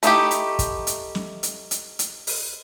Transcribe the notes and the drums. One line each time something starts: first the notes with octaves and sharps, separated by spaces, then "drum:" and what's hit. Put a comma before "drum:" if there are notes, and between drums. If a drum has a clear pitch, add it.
A3 D#4 E4 G4, drum: hi-hat
drum: hi-hat
drum: kick, hi-hat
drum: hi-hat
drum: snare
drum: hi-hat
drum: hi-hat
drum: hi-hat
drum: open hi-hat